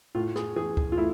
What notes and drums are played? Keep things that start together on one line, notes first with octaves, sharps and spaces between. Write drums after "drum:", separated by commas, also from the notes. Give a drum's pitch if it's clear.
A2 F4
G#4, drum: rim click
E3 G#4
drum: kick C#2
F4
A3 E4